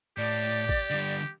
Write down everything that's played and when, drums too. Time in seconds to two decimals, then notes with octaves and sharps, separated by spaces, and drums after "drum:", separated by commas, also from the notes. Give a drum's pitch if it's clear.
0.18 A2 G4 D5
0.69 drum: kick A1
0.90 D3 G3